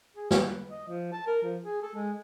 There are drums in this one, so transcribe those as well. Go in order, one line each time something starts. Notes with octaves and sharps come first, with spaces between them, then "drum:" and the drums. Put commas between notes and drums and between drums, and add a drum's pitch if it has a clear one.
G#4
B4, drum: snare
D#5
F3
A5
A#4
F3
G#4
A4
G#3